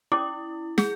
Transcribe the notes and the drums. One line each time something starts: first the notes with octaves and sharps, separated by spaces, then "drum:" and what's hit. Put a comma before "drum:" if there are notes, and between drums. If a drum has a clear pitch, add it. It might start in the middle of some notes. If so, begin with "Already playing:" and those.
C#4 E4 D6
G#4, drum: snare